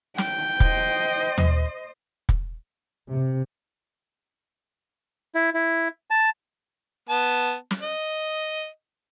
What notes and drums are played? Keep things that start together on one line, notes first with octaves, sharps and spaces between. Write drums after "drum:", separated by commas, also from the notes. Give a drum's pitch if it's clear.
G5, drum: snare
C5 D#5, drum: kick
drum: tom D#2
drum: kick
C3
E4
E4
A5
B3 A5
drum: snare
D#5